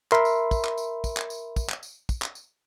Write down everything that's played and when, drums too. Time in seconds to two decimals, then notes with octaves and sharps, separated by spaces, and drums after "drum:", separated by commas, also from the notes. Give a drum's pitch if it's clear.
0.12 A#4 E5 B5 C6, drum: clap
0.25 drum: tambourine
0.51 drum: kick, tambourine
0.64 drum: clap
0.78 drum: tambourine
1.04 drum: kick, tambourine
1.17 drum: clap
1.30 drum: tambourine
1.56 drum: kick, tambourine
1.70 drum: clap
1.83 drum: tambourine
2.09 drum: kick, tambourine
2.22 drum: clap
2.35 drum: tambourine